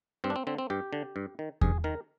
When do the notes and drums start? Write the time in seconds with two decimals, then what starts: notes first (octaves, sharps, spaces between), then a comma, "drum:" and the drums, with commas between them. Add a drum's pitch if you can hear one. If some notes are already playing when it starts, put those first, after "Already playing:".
0.24 G2 C4
0.30 D4
0.36 C4
0.47 D3 C4
0.58 C4
0.70 G2 G4
0.93 D3
1.16 G2
1.39 D#3
1.61 G2 G#4, drum: kick E2
1.84 D#3 A#4